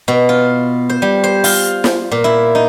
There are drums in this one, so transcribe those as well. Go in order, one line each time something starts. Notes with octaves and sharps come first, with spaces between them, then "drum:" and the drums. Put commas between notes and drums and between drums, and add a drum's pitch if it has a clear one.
B2
F4
C5
G3
C5
F4, drum: open hi-hat
drum: snare
A#2
E4
D#4